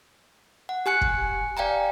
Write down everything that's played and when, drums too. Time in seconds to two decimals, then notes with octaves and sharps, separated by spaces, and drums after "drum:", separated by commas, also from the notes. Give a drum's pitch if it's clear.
0.69 F#5
0.86 G4 G#5 F#6 C#7
1.01 drum: kick
1.57 D5 F5 G5 G#5 A#5